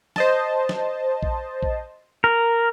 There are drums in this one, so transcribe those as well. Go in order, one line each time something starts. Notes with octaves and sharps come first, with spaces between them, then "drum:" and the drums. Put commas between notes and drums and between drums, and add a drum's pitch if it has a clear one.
C5 D#5 A5, drum: snare
drum: snare
drum: kick A#1
drum: kick A#1
A#4